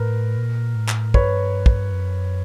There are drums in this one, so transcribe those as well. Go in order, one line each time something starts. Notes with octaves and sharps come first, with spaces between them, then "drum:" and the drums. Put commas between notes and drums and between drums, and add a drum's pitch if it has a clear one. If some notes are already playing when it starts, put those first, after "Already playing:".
Already playing: A2 A#4 B4
A#2
A2
drum: clap
G2 B4 C#5, drum: kick
drum: kick
F#2